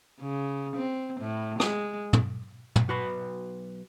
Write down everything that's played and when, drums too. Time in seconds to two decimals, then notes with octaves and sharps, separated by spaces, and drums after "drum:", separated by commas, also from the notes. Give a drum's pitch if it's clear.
0.21 C#3
0.76 C4
1.21 A2
1.60 G#3, drum: rim click
2.13 drum: tom
2.76 drum: tom
2.88 B1 F#4 B4 B5